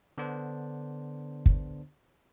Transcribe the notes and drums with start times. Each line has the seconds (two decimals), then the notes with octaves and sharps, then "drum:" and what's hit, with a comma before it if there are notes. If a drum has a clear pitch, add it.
0.18 D3 B3 D4 C5
1.46 drum: kick